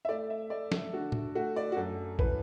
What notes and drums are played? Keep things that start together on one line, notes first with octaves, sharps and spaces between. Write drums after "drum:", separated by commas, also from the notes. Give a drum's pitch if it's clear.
E5
A3 D5
E5
A3 D5
A4, drum: snare
D3 F#4
drum: tom A2
A3 F#4
D5
F#4
F#2 A4
E3 B4, drum: kick A1